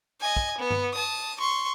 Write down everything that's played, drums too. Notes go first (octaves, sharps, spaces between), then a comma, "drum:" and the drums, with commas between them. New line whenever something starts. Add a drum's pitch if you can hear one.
D#5 G#5
drum: kick
B3
drum: tom G2
A5 D#6
C6 C#6